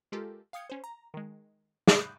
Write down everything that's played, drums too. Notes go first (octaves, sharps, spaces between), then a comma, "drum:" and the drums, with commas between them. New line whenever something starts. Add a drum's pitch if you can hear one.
G#3 F4 G4 A4 A#4
F5 G5 D#6 G#6 C#7
C#4 C5
A#5
D#3 G#3
drum: snare
B5 D#6 F#6 G6